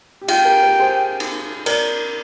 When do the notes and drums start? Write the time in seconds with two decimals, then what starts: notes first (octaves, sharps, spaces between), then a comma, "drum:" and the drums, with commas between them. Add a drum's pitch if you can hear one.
0.22 G4
0.28 F4 G#4 G5, drum: cymbal
0.45 G4 A#4
0.62 G4 A#4
0.79 G#4 C5
1.20 drum: cymbal
1.66 A#4 D5, drum: cymbal